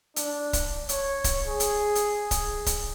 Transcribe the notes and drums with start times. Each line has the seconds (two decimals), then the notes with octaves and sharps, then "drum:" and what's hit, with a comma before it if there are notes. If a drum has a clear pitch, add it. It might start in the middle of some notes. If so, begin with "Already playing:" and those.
0.16 D4, drum: hi-hat
0.53 drum: kick, hi-hat
0.89 C#5, drum: hi-hat
1.24 drum: kick, hi-hat
1.45 G#4
1.60 drum: hi-hat
1.95 drum: hi-hat
2.31 drum: kick, hi-hat
2.66 drum: kick, hi-hat